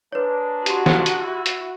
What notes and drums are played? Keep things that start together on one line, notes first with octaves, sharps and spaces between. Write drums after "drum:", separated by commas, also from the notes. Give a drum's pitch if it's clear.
G#3 A#3 D4 B4 C#5
F#4 G4 C6, drum: hi-hat
drum: snare
drum: hi-hat
E4
drum: hi-hat